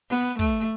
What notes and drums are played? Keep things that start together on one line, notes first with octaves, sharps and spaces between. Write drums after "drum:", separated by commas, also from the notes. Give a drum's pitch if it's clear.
B3
A3, drum: kick